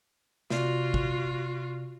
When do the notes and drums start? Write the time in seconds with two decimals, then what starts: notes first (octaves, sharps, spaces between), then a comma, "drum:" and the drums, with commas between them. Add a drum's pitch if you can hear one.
0.50 C3 F4 F#4 D5, drum: snare
0.94 drum: kick